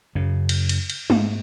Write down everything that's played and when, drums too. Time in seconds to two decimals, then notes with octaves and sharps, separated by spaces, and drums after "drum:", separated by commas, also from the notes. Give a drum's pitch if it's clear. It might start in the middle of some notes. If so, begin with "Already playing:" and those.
0.15 F#2 C#3
0.49 drum: cymbal
0.69 drum: cymbal
0.90 drum: cymbal
1.10 G#2, drum: tom G#3